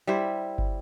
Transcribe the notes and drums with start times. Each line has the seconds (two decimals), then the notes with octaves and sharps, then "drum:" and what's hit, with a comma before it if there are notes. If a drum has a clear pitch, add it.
0.07 G3 E4 C5
0.58 drum: kick